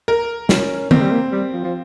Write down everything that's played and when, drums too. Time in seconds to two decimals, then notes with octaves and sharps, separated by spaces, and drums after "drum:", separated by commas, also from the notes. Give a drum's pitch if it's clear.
0.08 A#4
0.49 C#4, drum: snare
0.91 A#3 C4, drum: tom D#3
1.01 G3
1.11 A#3
1.32 G3
1.53 F3
1.64 F3